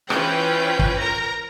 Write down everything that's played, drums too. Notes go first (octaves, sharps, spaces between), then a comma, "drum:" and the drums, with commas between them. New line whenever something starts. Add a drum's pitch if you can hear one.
E3 C#4 F4 B4 C5 G5, drum: rim click
drum: kick
A#4 A#5